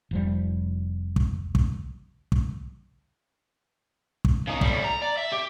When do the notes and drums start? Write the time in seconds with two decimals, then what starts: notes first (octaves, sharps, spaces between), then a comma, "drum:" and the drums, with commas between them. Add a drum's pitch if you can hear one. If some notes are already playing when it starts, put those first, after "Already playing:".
0.11 F1 F3 G3
1.16 drum: kick
1.55 drum: kick
2.32 drum: kick
4.25 drum: kick
4.47 C#3 D#4
4.61 A2 G3, drum: kick
4.84 A#5
5.02 D5
5.17 E5
5.32 G4